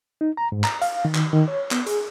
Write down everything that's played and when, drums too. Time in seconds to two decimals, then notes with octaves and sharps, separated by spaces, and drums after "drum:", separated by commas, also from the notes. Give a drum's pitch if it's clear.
0.21 D#4
0.37 A#5
0.52 G#2
0.64 A#5, drum: clap
0.82 F5, drum: hi-hat
1.05 D#3
1.15 drum: clap
1.33 D#3
1.48 C#5
1.71 B3, drum: clap
1.86 G#4, drum: hi-hat